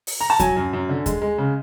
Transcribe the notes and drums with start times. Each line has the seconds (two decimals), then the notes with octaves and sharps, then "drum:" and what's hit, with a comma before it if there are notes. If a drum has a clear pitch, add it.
0.07 drum: open hi-hat
0.20 A#5
0.30 A5
0.39 F#3 G#5, drum: kick D#2, hi-hat
0.56 F#2
0.73 F#2
0.89 D3
1.06 G#3, drum: kick D#2, hi-hat
1.22 G#3
1.38 C#3